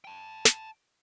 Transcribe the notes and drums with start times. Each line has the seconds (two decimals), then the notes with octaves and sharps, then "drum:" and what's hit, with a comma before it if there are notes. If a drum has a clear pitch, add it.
0.05 G5 A5
0.45 drum: snare